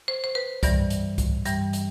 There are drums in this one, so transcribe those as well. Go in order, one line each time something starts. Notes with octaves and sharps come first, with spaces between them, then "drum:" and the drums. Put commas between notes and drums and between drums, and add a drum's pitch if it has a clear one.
C5
C5
B4
G2 E3 G3 D5, drum: kick C2, hi-hat
drum: hi-hat
drum: kick C2, hi-hat
G2 E3 G3, drum: hi-hat
drum: hi-hat